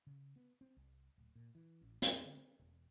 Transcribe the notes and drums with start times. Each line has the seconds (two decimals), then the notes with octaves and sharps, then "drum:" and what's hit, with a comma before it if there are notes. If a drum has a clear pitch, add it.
0.07 C#3
0.36 B3
0.61 C4
0.77 C2
1.18 D1
1.35 A#2
1.55 E3
1.81 A1
2.02 F2, drum: hi-hat
2.25 D3
2.37 C4
2.59 E1